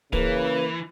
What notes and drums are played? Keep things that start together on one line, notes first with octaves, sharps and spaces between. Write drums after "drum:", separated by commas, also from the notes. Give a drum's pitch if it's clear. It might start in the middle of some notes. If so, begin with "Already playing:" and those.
C#3 E3 A#3 B4, drum: kick